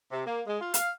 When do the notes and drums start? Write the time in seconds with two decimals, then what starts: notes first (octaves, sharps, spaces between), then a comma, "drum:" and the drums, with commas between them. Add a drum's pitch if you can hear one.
0.11 C3
0.26 A#3
0.47 G#3
0.60 F4
0.74 F5, drum: hi-hat